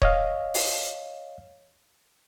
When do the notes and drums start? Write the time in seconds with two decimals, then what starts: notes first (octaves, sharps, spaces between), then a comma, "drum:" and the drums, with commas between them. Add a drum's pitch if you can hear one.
0.02 C#5 D#5 F5, drum: kick D#1
0.54 drum: open hi-hat